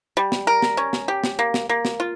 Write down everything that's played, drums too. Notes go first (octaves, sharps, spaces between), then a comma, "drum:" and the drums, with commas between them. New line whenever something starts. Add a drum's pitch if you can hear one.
G3
drum: snare
A#4
drum: snare
C#4
drum: snare
G4
drum: snare
A#3
drum: snare
A#3
drum: snare
F4